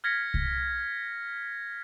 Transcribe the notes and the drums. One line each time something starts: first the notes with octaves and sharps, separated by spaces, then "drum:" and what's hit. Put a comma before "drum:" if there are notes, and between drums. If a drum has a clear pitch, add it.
F6 G#6 A#6 B6 C#7
drum: kick C2